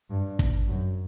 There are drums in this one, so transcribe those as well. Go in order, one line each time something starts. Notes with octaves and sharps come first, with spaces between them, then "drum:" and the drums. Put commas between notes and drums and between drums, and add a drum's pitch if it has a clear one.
G2
drum: kick
F#2